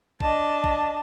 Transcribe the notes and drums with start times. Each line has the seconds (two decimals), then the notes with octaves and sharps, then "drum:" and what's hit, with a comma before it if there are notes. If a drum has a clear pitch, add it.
0.20 D4 D#5 A5, drum: kick
0.64 drum: kick